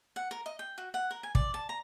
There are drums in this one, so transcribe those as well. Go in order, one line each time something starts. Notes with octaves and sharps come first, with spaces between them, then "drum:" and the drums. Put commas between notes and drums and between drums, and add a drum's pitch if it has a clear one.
F#5
A#4
D#5
G5
F#4
F#5
A#4
G#5
D5, drum: kick
A5
A#5